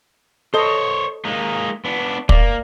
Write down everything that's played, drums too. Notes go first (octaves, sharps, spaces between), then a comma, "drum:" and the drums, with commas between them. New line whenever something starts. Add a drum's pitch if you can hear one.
A4 C5 C#5 D#5
G#3 A#3 D#4
B3 D4
A#3 D5, drum: kick